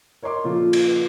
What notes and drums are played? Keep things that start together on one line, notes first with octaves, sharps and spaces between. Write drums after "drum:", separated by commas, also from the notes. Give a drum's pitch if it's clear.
A#4 C#5 D#5 C6 D6
A#2 C#3 F3 F4 A4
drum: cymbal